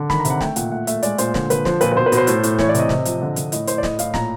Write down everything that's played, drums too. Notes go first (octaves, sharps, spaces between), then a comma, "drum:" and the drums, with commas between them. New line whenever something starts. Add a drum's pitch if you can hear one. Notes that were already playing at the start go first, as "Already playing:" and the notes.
Already playing: D3
D#3 B5, drum: snare
A#5
C3, drum: hi-hat
F#5
A3 G5, drum: snare
A#2 F#5, drum: hi-hat
A3 F#5
A3 E5, drum: hi-hat
G#3 D5, drum: hi-hat
A#2 C5, drum: hi-hat
D3 C5, drum: snare
D3 B4, drum: hi-hat
F3 C5, drum: snare
A#2 B4, drum: hi-hat
B4
B2 C5
B4
B2, drum: hi-hat
C5
A2, drum: hi-hat
A2, drum: hi-hat
E3 C#5, drum: snare
D5
C3 D#5, drum: hi-hat
C3, drum: snare
F3, drum: hi-hat
D3
D3, drum: hi-hat
A2 D#5, drum: hi-hat
A2 C5, drum: hi-hat
D5
A2 D#5, drum: snare
A2 F5, drum: hi-hat
A#2 A#5, drum: snare